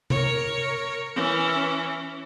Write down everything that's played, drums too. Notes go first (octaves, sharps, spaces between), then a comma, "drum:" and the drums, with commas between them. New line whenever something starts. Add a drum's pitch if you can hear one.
A#4 C#5, drum: tom C3
E3 C#4